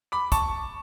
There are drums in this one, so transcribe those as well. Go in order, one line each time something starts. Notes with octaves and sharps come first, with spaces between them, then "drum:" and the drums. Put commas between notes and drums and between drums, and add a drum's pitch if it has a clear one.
B5 D6
A5 C#6, drum: kick, hi-hat